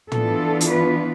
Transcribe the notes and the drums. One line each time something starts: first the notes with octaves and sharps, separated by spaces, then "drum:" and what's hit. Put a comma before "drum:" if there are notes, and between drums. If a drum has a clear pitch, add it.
E3 B3 D4 F4 A4, drum: tom
drum: hi-hat
B4